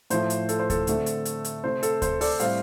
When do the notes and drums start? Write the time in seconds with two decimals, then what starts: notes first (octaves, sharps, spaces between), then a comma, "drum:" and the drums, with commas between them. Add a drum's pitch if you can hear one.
0.10 A2 F3 A3 C5, drum: hi-hat
0.30 drum: hi-hat
0.49 A4, drum: hi-hat
0.59 C5
0.70 A4, drum: kick D2, hi-hat
0.87 D3 A3 C4, drum: hi-hat
1.06 drum: hi-hat
1.25 drum: hi-hat
1.45 drum: hi-hat
1.64 C3 A3 C4 C5
1.83 A4, drum: hi-hat
2.02 C5, drum: kick D2, hi-hat
2.21 A4 D5, drum: open hi-hat
2.40 A2 G3 C4 C5 F5, drum: hi-hat